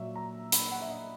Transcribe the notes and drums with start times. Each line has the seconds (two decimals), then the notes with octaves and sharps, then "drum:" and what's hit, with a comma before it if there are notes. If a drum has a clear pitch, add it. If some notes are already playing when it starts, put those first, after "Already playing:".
Already playing: A#2 F#3 A#3 E5
0.16 A#5
0.52 B5, drum: hi-hat
0.71 F#5
0.81 E5
0.89 D#5